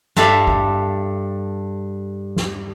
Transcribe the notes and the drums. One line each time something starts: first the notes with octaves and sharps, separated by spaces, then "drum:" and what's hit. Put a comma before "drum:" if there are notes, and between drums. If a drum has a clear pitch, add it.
G2 G3 A4 E5 F5 B5, drum: snare
drum: kick G#1
drum: snare